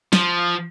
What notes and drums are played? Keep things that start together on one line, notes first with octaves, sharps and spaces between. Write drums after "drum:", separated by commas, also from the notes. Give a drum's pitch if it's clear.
F3, drum: snare